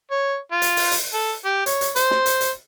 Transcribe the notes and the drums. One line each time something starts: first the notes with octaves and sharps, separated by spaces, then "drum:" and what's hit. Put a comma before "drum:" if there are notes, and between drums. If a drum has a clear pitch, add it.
C#5
F4
drum: hi-hat
drum: open hi-hat
drum: hi-hat
A4
G4
C#5, drum: hi-hat
drum: hi-hat
C5, drum: hi-hat
drum: snare
drum: hi-hat
drum: hi-hat